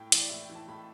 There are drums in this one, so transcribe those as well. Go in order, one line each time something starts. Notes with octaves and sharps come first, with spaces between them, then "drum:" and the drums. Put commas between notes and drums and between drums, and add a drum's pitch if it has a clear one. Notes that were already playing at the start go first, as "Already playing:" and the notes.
Already playing: A2 G5
E3 D5, drum: hi-hat
A2 E5
G5
E3
A5
A2 B5